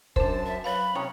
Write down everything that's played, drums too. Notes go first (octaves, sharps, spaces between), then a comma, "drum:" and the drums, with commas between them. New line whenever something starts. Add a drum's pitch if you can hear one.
F#2 D4 A#4 C5 A5, drum: kick
E5
F#3 B4 C#5 F5 B5
C3 C#4 C#5 G5 A#5 D#6